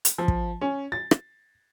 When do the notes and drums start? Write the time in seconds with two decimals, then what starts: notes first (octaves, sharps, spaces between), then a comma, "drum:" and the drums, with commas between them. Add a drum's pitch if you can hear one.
0.05 drum: hi-hat
0.18 F3
0.28 drum: kick
0.61 C#4
0.92 A6
1.11 drum: rim click